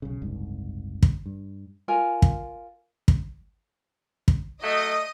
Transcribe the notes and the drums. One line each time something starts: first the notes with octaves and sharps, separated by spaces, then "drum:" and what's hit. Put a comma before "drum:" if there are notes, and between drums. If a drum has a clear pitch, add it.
B1 C#3
F#1 C2 G#2
drum: kick
G2
F4 A#4 G#5
drum: kick
drum: kick
drum: kick
F#3 A3 D#5